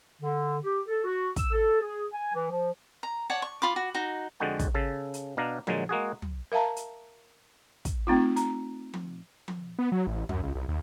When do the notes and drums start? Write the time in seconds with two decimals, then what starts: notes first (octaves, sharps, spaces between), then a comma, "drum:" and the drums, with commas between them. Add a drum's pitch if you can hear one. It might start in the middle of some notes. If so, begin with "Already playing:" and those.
0.21 D3
0.63 G4
0.88 A4
1.04 F#4
1.36 E6, drum: kick, hi-hat
1.51 A4
1.80 G#4
2.12 G#5
2.33 E3
2.49 F3
3.03 A#5
3.30 C#5 D5 F#5 A5
3.42 C#6
3.62 F4 B5 D6
3.76 F#4
3.94 D#4 F#4
4.40 F2 D3 G#3 F#4 G5 A5
4.59 drum: kick, hi-hat
4.75 C#3 A4
5.14 drum: hi-hat
5.37 B2 D4 F5 A#5
5.67 A#2 D3 F#3 G#3, drum: tom F3
5.89 G#3 A#3 F#4 G#4
6.22 drum: tom
6.52 A#4 E5 F5 A5 A#5
6.76 drum: hi-hat
7.85 drum: kick, hi-hat
8.07 A3 C4 D#4 F4
8.36 A#5, drum: hi-hat
8.94 drum: tom F3
9.48 drum: tom F3
9.79 B3
9.92 F#3
10.07 A1
10.29 F#2, drum: tom
10.43 C#2
10.55 C2
10.68 D#2